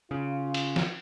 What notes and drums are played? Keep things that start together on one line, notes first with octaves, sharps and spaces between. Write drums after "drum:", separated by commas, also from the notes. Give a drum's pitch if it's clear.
C#3 F4
drum: cymbal
drum: snare